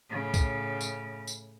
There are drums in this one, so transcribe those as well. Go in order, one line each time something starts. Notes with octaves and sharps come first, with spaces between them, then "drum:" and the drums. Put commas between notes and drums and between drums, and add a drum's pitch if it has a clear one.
A2 C#3
drum: kick B1, tambourine
drum: tambourine
drum: tambourine